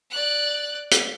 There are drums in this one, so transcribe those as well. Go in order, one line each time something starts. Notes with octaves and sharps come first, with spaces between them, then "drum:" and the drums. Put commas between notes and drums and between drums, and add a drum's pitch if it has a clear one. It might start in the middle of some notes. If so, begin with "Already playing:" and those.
D5 F#6
drum: hi-hat